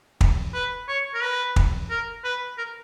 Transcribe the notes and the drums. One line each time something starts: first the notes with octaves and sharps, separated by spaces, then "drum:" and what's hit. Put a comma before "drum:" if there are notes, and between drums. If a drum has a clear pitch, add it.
drum: kick
B4
C#5
A#4
B4
drum: kick
A#4
B4
A#4